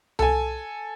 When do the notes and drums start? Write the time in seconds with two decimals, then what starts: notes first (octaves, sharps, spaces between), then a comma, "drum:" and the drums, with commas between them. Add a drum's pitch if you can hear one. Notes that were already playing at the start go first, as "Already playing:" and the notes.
0.19 A4 G#5, drum: tom C2